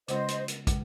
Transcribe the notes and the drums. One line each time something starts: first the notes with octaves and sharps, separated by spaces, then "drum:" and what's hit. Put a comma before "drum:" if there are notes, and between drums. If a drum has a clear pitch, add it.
C#3 G#3 C#4 F4 C5 D#5, drum: hi-hat
drum: hi-hat
drum: hi-hat
C#3 G#3, drum: kick, hi-hat